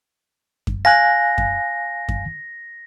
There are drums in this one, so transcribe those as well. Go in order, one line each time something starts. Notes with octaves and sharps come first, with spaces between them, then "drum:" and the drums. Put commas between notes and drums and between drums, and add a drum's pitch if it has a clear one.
drum: kick F#2
F5 G#5 F#6 A#6
drum: kick F#2
drum: kick F#2